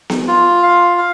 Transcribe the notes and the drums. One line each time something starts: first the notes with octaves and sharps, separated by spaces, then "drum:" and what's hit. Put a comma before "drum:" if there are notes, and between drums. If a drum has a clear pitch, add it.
drum: snare B3
F4
F5
F5